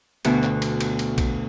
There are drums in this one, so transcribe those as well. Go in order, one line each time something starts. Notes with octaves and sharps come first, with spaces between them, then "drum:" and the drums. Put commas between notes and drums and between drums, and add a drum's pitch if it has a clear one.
D2 B2 F#4, drum: cymbal
drum: clap
drum: cymbal
drum: cymbal
drum: cymbal
drum: kick A#1, cymbal